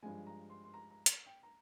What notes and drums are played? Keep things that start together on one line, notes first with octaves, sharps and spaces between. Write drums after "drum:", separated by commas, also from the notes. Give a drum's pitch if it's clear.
G2 F3 G#3 G#5
A#5
C6
C6
A#5
A#5
drum: hi-hat
G5
A#5